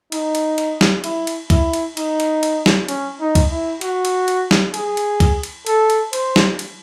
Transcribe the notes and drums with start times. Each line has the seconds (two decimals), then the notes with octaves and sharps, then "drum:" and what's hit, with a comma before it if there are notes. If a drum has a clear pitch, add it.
0.12 D#4, drum: cymbal
0.35 drum: cymbal
0.58 drum: cymbal
0.81 drum: snare
1.04 E4, drum: cymbal
1.27 drum: cymbal
1.50 E4, drum: kick, cymbal
1.73 drum: cymbal
1.97 D#4, drum: cymbal
2.20 drum: cymbal
2.43 drum: cymbal
2.66 drum: snare
2.88 C#4, drum: cymbal
3.20 D#4
3.35 drum: kick, cymbal
3.51 E4
3.81 F#4, drum: cymbal
4.05 drum: cymbal
4.28 drum: cymbal
4.51 drum: snare
4.74 G#4, drum: cymbal
4.97 drum: cymbal
5.20 drum: kick, cymbal
5.43 drum: cymbal
5.66 A4, drum: cymbal
5.90 drum: cymbal
6.13 C5, drum: cymbal
6.36 drum: snare
6.59 drum: cymbal